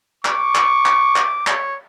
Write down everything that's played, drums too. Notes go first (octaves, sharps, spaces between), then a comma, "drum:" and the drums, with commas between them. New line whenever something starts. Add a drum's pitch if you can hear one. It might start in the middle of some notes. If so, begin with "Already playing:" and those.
C#6 D6, drum: clap
drum: clap
drum: clap
drum: clap
C#5, drum: clap